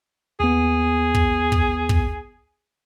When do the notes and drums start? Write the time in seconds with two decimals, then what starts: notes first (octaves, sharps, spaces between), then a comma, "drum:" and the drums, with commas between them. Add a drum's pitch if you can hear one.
0.40 D#2 B3 G#4
1.15 drum: kick
1.52 drum: kick
1.89 drum: kick